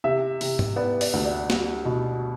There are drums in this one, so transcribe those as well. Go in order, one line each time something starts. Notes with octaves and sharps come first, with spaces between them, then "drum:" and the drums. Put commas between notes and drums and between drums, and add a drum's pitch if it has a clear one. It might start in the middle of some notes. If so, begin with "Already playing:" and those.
C3 E5
C3, drum: open hi-hat
drum: tom G#2
B3 D5
D5, drum: open hi-hat
D2
D5
G3, drum: snare
B2